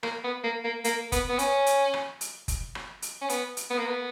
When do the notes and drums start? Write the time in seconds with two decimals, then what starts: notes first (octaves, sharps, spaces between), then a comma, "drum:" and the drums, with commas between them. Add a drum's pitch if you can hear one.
0.03 A#3, drum: rim click
0.24 B3
0.44 A#3
0.64 A#3
0.84 A#3, drum: hi-hat
1.12 B3, drum: kick F#1, hi-hat
1.29 B3
1.39 C#4, drum: hi-hat
1.66 drum: hi-hat
1.94 drum: rim click
2.21 drum: hi-hat
2.48 drum: kick F#1, hi-hat
2.75 drum: rim click
3.02 drum: hi-hat
3.22 C#4
3.29 B3, drum: hi-hat
3.57 drum: hi-hat
3.71 B3
3.78 A#3
3.87 B3